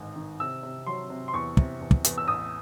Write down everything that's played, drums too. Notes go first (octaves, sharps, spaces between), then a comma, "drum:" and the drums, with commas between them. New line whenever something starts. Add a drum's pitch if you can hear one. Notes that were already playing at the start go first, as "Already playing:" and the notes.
Already playing: A1 G#2 D#3
D#3
C3 E6
C3
F#3 C6
C3
C6
E2 C#6
C3, drum: kick
E2
drum: kick
E2, drum: hi-hat
E6
A1 D#6